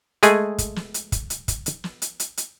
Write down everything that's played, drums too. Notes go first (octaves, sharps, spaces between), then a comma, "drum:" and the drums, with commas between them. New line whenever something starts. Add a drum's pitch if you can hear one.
G#3 A3 G#4 G#5, drum: hi-hat
drum: kick, hi-hat
drum: snare
drum: hi-hat
drum: kick, hi-hat
drum: hi-hat
drum: kick, hi-hat
drum: hi-hat
drum: snare
drum: hi-hat
drum: hi-hat
drum: hi-hat